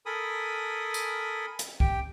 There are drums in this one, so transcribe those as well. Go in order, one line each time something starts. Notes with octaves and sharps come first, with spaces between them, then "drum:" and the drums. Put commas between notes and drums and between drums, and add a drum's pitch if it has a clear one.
A4 A#4 G#5 B5 D#6
drum: tambourine
drum: hi-hat
G4 G5, drum: kick B1